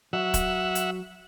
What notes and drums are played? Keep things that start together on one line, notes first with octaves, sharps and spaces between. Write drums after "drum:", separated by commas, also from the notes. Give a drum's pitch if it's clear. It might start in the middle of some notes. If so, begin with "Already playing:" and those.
F#3 E5 F#5
drum: kick, hi-hat
drum: hi-hat